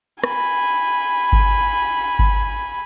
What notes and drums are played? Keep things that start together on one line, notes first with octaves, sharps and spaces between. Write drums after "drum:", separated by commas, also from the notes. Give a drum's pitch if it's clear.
G#5 B5, drum: rim click
drum: kick G1
drum: kick G1